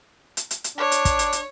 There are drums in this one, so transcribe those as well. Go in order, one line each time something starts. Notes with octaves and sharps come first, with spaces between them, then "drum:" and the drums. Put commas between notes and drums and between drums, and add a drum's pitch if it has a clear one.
drum: hi-hat
drum: hi-hat
drum: hi-hat
D4 C#5
drum: hi-hat
drum: kick, hi-hat
drum: hi-hat
drum: hi-hat